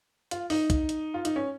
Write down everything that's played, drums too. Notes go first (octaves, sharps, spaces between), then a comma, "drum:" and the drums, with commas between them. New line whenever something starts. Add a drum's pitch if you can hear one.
F4, drum: hi-hat
D#4, drum: open hi-hat
drum: kick, hi-hat
drum: hi-hat
F4
D#4, drum: hi-hat
C#4